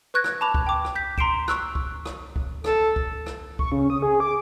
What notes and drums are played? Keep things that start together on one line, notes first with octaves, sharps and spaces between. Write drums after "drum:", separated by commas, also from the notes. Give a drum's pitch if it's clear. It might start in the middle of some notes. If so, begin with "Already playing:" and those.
B4 C#6 F#6 G#6 A#6
drum: rim click
A5 B5 D6 F7
drum: kick C#2
G5 D6
drum: rim click
G6 B6
A#5 C6 C7 D7 E7, drum: kick C#2
C#6 E6 F#6, drum: rim click
drum: kick C#2
drum: rim click
drum: kick C#2
A4, drum: rim click
drum: kick C#2
drum: rim click
C#6, drum: kick C#2
C#3
D#6
G#4
D6